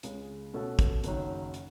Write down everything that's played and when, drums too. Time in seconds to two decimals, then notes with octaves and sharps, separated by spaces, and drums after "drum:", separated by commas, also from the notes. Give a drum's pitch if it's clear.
0.03 C#2 C#3 G#3, drum: hi-hat
0.54 B2 A3 C#4 F#4 A4
0.79 drum: kick, hi-hat
1.04 F#1 F#2 D#3 F#3, drum: hi-hat
1.54 drum: hi-hat